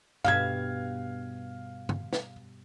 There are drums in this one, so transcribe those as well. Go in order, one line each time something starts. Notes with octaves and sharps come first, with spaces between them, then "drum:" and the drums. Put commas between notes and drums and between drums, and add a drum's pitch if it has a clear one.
G2 B2 E5 F5 G#6, drum: tom G2
drum: tom G2
drum: snare